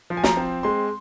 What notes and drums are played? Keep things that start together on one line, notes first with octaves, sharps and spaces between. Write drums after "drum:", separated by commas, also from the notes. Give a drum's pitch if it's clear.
F3
G#5
A#5, drum: snare
C4
G#3 C6